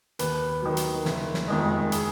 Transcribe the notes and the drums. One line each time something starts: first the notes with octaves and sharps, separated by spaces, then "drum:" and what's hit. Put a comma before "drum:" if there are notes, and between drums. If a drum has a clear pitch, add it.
D#2 B4, drum: hi-hat
D#3 F#3
drum: hi-hat
F#1, drum: snare
drum: snare
F2 D#3 G#3
G#4, drum: hi-hat